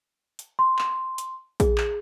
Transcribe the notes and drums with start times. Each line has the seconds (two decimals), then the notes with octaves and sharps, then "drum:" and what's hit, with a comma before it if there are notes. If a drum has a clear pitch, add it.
0.39 drum: hi-hat
0.59 C6
0.79 drum: clap
1.18 drum: hi-hat
1.60 G#4, drum: kick A#1, hi-hat
1.78 drum: clap